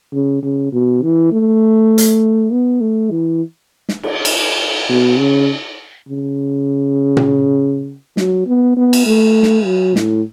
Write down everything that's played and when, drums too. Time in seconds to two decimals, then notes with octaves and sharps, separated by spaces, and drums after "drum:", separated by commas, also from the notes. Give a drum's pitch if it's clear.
0.13 C#3
0.43 C#3
0.72 B2
1.02 E3
1.32 A3
1.98 drum: hi-hat
2.51 B3
2.81 A3
3.10 E3
3.89 drum: snare
4.03 drum: cymbal
4.25 drum: cymbal
4.89 B2
5.19 C#3
6.09 C#3
7.17 drum: tom A#2
8.17 F#3, drum: snare
8.47 B3
8.76 B3
8.93 drum: cymbal
9.06 A3
9.43 drum: snare
9.65 F#3
9.96 A2, drum: snare